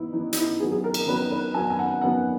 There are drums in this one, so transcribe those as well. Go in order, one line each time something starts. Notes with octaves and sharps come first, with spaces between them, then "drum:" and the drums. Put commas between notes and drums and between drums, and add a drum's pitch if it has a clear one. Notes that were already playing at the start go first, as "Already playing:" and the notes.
Already playing: E3 B3 D#4 E4
E3 B3 D#4
D#4, drum: hi-hat
E4
D#3 F#3 B3 G#4
G#4
A#4
drum: cymbal
D#3 F#3 B3 B4
B4
D#3 F#3 B3 G#5
G#5
F#5
D#3 F#3 B3 F#5